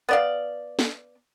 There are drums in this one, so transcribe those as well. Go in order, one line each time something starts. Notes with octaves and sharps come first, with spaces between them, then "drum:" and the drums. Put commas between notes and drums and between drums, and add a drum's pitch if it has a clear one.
B3 D5 F5
drum: snare